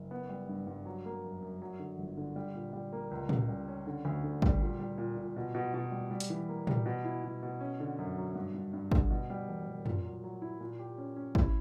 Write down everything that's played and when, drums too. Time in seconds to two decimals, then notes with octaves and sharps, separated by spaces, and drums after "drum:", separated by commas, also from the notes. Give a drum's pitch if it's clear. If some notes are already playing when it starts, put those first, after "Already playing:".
Already playing: F#1
0.11 B3
0.29 G3
0.49 G2
0.67 G2
0.86 F#3
1.05 A#3
1.24 F#2
1.42 F#2
1.62 F#3
1.79 D3
1.98 G1
2.17 D3
2.36 G3
2.54 A#2
2.73 G3
2.93 A#3
3.11 C#2
3.29 C#3, drum: tom
3.49 G3
3.68 C#4
3.87 D3
4.05 D2
4.24 D3
4.42 G3, drum: kick
4.61 A#2
4.79 G3
4.98 A#2
5.17 A#2
5.36 B2
5.55 B2
5.74 B2
5.92 G3
6.11 G3
6.20 drum: hi-hat
6.30 E3
6.49 A#3
6.67 G3, drum: tom
6.86 B2
7.05 E4
7.24 B2
7.43 B2
7.61 C#4
7.80 D3
7.98 F#2
8.18 F#3
8.35 G2
8.54 G2
8.73 G2
8.91 D3, drum: kick
9.10 B2
9.30 G3
9.48 E1
9.67 E1
9.86 A#2, drum: tom
10.04 F#3
10.24 F#3
10.42 E4
10.61 A#2
10.79 G4
10.98 C#4
11.16 C#4
11.35 E4, drum: kick